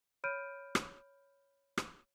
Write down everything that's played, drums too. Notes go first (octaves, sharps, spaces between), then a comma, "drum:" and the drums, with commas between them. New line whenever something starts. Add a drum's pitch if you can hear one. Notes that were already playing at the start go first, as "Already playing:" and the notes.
C#5 B5 F6 G6 D7 D#7
drum: rim click
drum: rim click